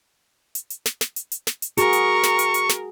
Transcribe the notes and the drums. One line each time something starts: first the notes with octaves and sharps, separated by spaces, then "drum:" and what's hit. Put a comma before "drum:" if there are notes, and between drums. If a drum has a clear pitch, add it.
drum: hi-hat
drum: hi-hat
drum: snare
drum: snare
drum: hi-hat
drum: hi-hat
drum: snare
drum: hi-hat
F#4 G#4 A#4 C#6, drum: hi-hat
drum: hi-hat
drum: snare
drum: hi-hat
drum: hi-hat
drum: snare